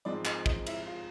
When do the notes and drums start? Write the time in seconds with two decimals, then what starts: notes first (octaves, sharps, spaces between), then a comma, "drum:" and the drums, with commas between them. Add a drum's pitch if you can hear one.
0.05 G#2 F3 G#3 C4 D5
0.25 D#5, drum: clap
0.46 D#5, drum: kick
0.66 E4 E5, drum: cymbal
0.86 F4 F5